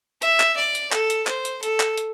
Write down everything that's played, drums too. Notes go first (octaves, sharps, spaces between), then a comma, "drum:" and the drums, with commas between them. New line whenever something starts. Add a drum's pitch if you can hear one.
E5, drum: hi-hat
drum: clap
D5
drum: hi-hat
A4, drum: clap
drum: hi-hat
C5, drum: clap
drum: hi-hat
A4, drum: hi-hat
drum: clap
drum: hi-hat